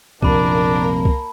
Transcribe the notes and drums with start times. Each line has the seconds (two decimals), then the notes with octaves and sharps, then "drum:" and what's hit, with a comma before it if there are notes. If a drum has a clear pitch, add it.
0.22 A#1 F2 C3 A#3 D4 A#4 A5 B5, drum: kick C2
1.05 drum: kick C2